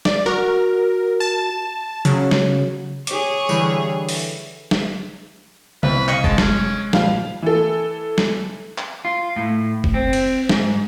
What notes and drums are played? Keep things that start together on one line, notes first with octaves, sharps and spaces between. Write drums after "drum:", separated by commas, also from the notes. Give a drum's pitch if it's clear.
D5, drum: snare
F#4 A#4
A5
C#3 F#3, drum: hi-hat
drum: snare
G#4 C#5 D6, drum: hi-hat
D3 E3 G3, drum: tambourine
drum: open hi-hat
drum: snare
C2 B4, drum: tom C#3
D#5 F5 C#6, drum: clap
G#3 A5, drum: kick
C#4, drum: snare
A#2 F3 G3 F5, drum: snare
E3 A4
drum: snare
drum: clap
F4
A2
drum: kick
C4
drum: cymbal
G#2, drum: snare